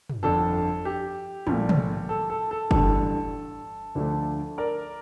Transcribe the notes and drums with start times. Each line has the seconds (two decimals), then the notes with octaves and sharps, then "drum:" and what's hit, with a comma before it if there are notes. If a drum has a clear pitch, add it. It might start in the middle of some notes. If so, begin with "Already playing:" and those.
0.10 drum: tom
0.23 G1 F2 D3 A4
0.85 G4
1.47 A#1 A#2 A3, drum: tom
1.69 drum: tom
2.09 A4
2.30 A4
2.51 A4
2.71 A1 G2 D3 G3 A4, drum: kick F#1
3.95 D2 D3 F3 A3 D4
4.58 A#4 D5